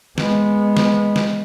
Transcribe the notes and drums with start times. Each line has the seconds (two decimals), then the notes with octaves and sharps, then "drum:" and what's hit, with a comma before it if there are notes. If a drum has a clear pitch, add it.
0.18 G#3 B3, drum: snare
0.77 drum: snare
1.16 drum: snare